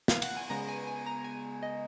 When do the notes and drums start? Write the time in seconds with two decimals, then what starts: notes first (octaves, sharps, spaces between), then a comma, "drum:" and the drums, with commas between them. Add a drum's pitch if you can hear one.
0.08 F5, drum: snare
0.22 F#5, drum: cymbal
0.37 G#5
0.50 C#3 G#3 B3 A#5
0.68 G#5
0.87 G#5
1.06 A#5
1.24 G#5
1.63 D#5